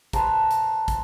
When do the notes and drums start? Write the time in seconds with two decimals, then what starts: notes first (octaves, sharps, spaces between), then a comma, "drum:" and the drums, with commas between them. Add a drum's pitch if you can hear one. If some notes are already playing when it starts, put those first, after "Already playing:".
0.13 B4 C5 A5 A#5, drum: kick, hi-hat
0.51 drum: hi-hat
0.88 drum: kick, hi-hat